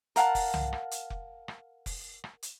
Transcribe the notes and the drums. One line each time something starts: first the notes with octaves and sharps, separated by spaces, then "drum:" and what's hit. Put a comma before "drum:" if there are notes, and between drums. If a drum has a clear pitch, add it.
A#4 F5 F#5 A5, drum: hi-hat
drum: kick F1, open hi-hat
drum: tom C2
drum: rim click
drum: hi-hat
drum: kick F1
drum: rim click
drum: kick F1, open hi-hat
drum: rim click
drum: hi-hat